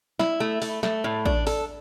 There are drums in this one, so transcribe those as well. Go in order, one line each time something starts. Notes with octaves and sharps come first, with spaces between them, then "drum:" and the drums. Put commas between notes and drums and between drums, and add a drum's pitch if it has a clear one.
E4, drum: snare
A3
A3, drum: open hi-hat
A3, drum: snare
A2
D4, drum: kick
A4, drum: open hi-hat